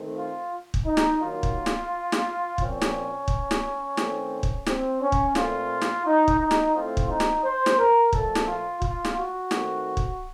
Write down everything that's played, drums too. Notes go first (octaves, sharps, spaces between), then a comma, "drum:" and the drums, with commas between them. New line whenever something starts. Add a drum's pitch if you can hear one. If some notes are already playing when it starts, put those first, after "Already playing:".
Already playing: D#3 A3 C4
F4
drum: kick
D#4
drum: snare
D#3 F#3 A#3 F4
drum: kick
drum: snare
drum: snare
A#2 F3 C4 C#4, drum: kick
drum: snare
drum: kick
drum: snare
D#3 A3 C4, drum: snare
drum: kick
C4, drum: snare
C#4
drum: kick
A#2 A3 C4 F4, drum: snare
drum: snare
D#4
drum: kick
D#4
drum: snare
A2 A3 C4 F4
drum: kick
D#4
drum: snare
C5
drum: snare
A#4
A#2 F3 A3 A4, drum: kick
drum: snare
F4
F4, drum: kick
drum: snare
F#4
D#3 A3 C4, drum: snare
drum: kick